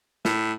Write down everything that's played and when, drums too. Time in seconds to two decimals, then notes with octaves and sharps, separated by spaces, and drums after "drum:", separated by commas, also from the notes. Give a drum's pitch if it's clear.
0.25 A2, drum: snare